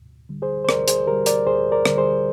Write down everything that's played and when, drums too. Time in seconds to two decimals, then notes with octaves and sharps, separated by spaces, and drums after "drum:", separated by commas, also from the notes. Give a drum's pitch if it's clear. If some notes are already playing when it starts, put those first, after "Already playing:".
Already playing: D2
0.29 D3 G3
0.42 G#4 C5
0.65 C5
0.69 D2 A#4 D5, drum: rim click
0.88 G#4 C5, drum: hi-hat
1.07 D3 G4 A#4
1.12 G3
1.26 A#4 D5, drum: hi-hat
1.46 D2 G#4 C5
1.72 A#4 D5
1.85 D3 G3, drum: rim click
1.97 G#4 C5